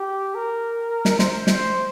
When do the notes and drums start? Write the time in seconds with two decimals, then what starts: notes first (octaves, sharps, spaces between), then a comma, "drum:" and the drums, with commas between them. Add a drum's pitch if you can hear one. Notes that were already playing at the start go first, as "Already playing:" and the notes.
Already playing: G4
0.35 A#4
1.05 drum: snare
1.19 C5, drum: snare
1.47 drum: snare